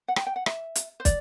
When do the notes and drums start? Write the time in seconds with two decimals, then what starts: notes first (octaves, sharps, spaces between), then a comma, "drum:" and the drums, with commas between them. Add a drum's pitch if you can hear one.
0.08 F#5
0.16 G5, drum: rim click
0.27 G5
0.36 F#5
0.46 E5, drum: rim click
0.75 drum: hi-hat
1.00 C5
1.05 D5, drum: kick, hi-hat